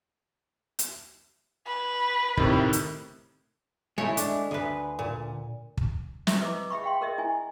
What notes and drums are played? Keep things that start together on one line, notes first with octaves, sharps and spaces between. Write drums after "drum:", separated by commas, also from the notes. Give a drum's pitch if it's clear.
drum: hi-hat
B4
A2 C3 D#3, drum: kick
drum: hi-hat
G#3 A3 E4 C#5
D4, drum: hi-hat
D2 G#4 B4
A#2
drum: kick
E5, drum: snare
E4 B4 D#5 D6
G#4 E5 B5 C#6
F5 G5 C6
G#4 A#4 D#5 E5
E4 G#5